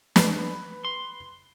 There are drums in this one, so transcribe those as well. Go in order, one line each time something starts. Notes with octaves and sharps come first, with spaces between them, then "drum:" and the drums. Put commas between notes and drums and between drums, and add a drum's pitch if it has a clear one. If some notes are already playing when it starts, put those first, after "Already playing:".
B4, drum: snare
C6